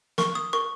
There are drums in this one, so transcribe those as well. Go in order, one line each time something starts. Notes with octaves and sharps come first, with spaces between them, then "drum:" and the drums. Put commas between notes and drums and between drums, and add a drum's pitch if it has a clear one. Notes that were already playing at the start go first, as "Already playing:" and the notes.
A#4 C#6, drum: snare
D#6
A#4 C#6